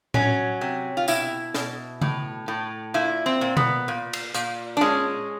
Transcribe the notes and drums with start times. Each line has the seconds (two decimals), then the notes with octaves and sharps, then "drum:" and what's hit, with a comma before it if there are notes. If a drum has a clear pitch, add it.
0.14 F#3 C#4, drum: tom A2
0.61 C3
0.97 F4
1.08 B2 E4, drum: tambourine
1.54 B2, drum: snare
2.02 A2, drum: tom C#3
2.48 A2
2.94 A#2 E4
3.26 C4
3.41 A#2
3.57 B3, drum: tom B2
3.88 A#2
4.13 drum: cymbal
4.34 A#2, drum: hi-hat
4.77 D4
4.81 G#3 C#4